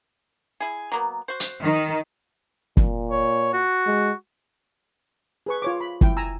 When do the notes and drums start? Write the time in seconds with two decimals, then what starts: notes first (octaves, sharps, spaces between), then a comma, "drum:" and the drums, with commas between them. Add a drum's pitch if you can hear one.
0.60 E4 G#4
0.92 F#3 A#3 B3
1.28 F#4 C5
1.40 drum: hi-hat
1.61 D#3
2.77 A#2, drum: kick
3.11 C#5
3.53 F#4
3.86 G#3
5.46 G#4 B4 C#6
5.62 F4 C#5 D6
5.81 B5
6.01 E4 G5, drum: kick
6.17 G#5 A#5 E6